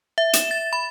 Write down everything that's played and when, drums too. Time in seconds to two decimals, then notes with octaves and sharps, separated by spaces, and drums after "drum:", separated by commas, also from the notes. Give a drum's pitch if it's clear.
0.18 E5
0.33 E7, drum: hi-hat
0.51 A6
0.73 B5